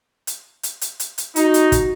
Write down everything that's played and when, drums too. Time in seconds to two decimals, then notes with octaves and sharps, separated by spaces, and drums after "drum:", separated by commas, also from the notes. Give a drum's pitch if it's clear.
0.27 drum: hi-hat
0.63 drum: hi-hat
0.81 drum: hi-hat
1.00 drum: hi-hat
1.18 drum: hi-hat
1.36 D#4 F#4, drum: hi-hat
1.54 drum: hi-hat
1.72 drum: kick, hi-hat